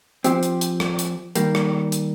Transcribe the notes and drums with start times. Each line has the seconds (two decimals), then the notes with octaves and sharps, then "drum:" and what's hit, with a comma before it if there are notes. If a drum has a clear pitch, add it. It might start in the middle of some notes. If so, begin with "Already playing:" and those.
0.24 F3 C4 G4, drum: hi-hat
0.43 drum: hi-hat
0.61 drum: hi-hat
0.80 drum: rim click
0.99 drum: hi-hat
1.35 D#3 G3 A#3, drum: hi-hat
1.55 drum: rim click
1.92 drum: hi-hat